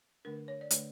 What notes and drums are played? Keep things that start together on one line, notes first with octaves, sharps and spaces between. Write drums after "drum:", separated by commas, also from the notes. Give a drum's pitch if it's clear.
D3 A3 D4 A#4
C#5
D5
D3 A3 D4 C#5, drum: hi-hat